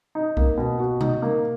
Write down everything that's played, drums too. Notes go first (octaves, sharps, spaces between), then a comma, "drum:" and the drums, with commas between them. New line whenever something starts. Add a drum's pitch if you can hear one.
D#4
A#3, drum: kick C2
B2
F#4
D#4, drum: tom B2
A#3